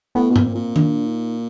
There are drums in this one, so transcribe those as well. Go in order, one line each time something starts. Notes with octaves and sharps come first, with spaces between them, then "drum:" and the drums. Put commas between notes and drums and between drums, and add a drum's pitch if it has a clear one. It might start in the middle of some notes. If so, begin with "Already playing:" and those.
A2 B3
B2
A#2, drum: tom G#2
C4
A#2
D4, drum: tom D#3
D#4